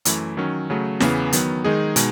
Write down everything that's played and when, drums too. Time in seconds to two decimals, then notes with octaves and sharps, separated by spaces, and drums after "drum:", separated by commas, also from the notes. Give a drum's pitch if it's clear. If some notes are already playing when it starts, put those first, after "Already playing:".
0.05 F#2 E3 A3 E4, drum: hi-hat
0.37 D#3 F#3 C#4
0.70 C#3 F#3 A3
1.00 E2 C#3 E3 B3, drum: snare
1.33 D#3 F#3 B3, drum: hi-hat
1.65 D#3 G#3 D#4 G#4
1.96 B2 G#3 D#4, drum: hi-hat